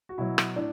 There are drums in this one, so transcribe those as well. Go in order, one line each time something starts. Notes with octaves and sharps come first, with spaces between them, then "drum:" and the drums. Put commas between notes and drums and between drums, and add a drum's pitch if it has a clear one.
F#4
B2 F#3 E4
drum: rim click
A2 D4